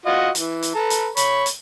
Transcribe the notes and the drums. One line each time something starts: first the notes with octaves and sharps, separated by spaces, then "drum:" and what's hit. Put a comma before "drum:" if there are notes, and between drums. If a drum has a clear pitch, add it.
F4 F#4 D#5
E3, drum: hi-hat
drum: hi-hat
A4 B4 A#5
drum: hi-hat
C#5 B5, drum: hi-hat
drum: hi-hat